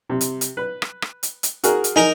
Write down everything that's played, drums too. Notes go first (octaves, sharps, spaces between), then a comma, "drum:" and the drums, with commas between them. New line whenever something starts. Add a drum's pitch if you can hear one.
C3
drum: hi-hat
drum: hi-hat
B4
drum: rim click
drum: rim click
drum: hi-hat
drum: hi-hat
F#4 G#4 A#4, drum: hi-hat
drum: hi-hat
D#4 A#4 G#5